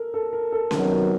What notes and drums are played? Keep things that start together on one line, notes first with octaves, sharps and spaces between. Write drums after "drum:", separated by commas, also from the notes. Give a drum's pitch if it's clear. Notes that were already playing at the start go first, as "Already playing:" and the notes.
Already playing: A4 A#4
A4
A#4
A4
C3 D#3 F#3 B3 A#4, drum: snare C#4